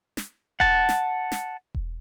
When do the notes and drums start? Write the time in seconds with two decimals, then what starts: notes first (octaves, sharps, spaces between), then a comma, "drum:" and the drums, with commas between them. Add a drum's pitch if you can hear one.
0.17 drum: snare
0.60 F#5 A5, drum: kick E1
0.89 drum: snare
1.32 drum: snare
1.75 drum: kick E1